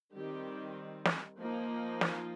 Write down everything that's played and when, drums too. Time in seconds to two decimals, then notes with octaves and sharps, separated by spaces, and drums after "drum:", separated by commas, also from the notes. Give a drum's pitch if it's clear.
0.15 D#3 G3 C4 G4
1.05 drum: snare
1.39 F3 A#3 D#4
2.01 F4, drum: snare